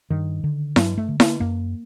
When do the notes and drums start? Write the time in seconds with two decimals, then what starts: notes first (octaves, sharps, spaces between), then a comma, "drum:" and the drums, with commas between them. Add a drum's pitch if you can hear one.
0.10 G2 D#3
0.44 D3
0.76 G2 F#3, drum: snare E4
0.98 A3
1.08 D3
1.20 A#3, drum: snare E4
1.40 F#2 A#3